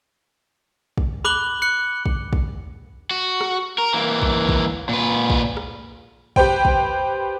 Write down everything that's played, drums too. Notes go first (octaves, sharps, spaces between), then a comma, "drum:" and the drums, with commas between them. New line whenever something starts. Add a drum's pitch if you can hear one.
drum: kick
B5 D6 F#6 F#7 G7, drum: rim click
F#6 C#7
drum: kick
drum: kick
F#4
drum: rim click
A#4
E3 A#3
drum: kick
drum: kick
A#2 B4
drum: kick
drum: rim click
G4 B4 C5 G5, drum: kick
drum: kick